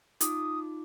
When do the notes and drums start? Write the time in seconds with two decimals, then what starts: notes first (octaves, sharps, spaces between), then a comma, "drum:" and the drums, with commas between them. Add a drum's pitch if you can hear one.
0.21 D#4 F4 D6 D#6, drum: hi-hat